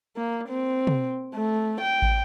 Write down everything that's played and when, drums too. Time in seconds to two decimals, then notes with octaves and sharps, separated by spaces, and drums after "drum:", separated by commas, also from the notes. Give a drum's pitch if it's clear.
0.16 A#3
0.49 C4
0.87 drum: tom
1.34 A3
1.81 G5
2.02 drum: kick